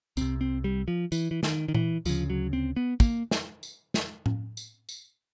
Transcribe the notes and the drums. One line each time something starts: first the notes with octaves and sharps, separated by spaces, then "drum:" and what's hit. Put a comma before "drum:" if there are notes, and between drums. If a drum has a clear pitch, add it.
C2 C3 C4, drum: tambourine
C4
G3
F3
E3, drum: tambourine
E3
D#3, drum: snare
D#3
E3, drum: tom A#2
D2 C#3 F3, drum: tambourine
F#3
C4
B3
A#3, drum: kick, tambourine
drum: snare
drum: tambourine
drum: snare
drum: tom A2
drum: tambourine
drum: tambourine